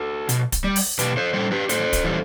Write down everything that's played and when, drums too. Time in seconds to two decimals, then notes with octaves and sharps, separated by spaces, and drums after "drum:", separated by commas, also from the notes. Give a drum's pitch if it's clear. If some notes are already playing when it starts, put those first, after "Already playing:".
Already playing: F#4 A4
0.29 B2, drum: hi-hat
0.52 drum: kick D1, hi-hat
0.64 G3
0.76 drum: open hi-hat
0.99 B2 G4 B4, drum: hi-hat
1.17 A4 C5
1.34 G3 A4 C5
1.52 G4 B4
1.69 A2 A4 C5, drum: hi-hat
1.93 drum: kick D1, hi-hat
2.04 E3 G3